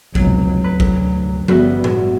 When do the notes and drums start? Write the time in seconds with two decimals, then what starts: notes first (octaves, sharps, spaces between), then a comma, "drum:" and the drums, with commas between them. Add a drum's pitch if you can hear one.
0.15 F1 C#2 B2 F#3, drum: kick A1
0.64 D2 B4
0.80 drum: kick A1
1.48 G1 G3 B3 F#4 B4 E5, drum: tom F3
1.84 drum: tom A2